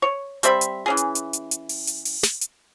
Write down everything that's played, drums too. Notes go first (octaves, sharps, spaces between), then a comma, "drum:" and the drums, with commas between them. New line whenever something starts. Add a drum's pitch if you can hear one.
C#5
G3 C4 E5 B5, drum: hi-hat
drum: hi-hat
E3 C#4 G#4
drum: hi-hat
drum: hi-hat
drum: hi-hat
drum: hi-hat
drum: open hi-hat
drum: hi-hat
drum: open hi-hat
drum: snare
drum: hi-hat